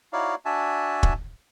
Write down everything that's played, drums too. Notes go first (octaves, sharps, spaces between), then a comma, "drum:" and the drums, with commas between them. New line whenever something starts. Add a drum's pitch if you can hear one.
D#4 E4 F#4 C#5 D5 F5
D4 F#4 E5 G#5 A5
drum: kick